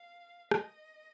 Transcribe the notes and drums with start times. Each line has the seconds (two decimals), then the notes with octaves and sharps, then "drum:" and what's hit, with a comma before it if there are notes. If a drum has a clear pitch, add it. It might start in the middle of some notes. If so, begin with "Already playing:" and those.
Already playing: F5
0.51 D#5, drum: rim click